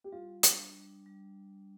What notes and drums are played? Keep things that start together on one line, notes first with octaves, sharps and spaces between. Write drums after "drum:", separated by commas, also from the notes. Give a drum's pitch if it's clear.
G4
G3 F4
D4, drum: hi-hat
G3
G3